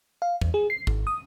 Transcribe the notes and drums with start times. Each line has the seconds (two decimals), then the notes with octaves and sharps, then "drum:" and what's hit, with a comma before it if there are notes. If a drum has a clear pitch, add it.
0.22 F5
0.41 E2, drum: kick
0.54 G#4
0.70 C7
0.87 G#1, drum: kick
1.07 D#6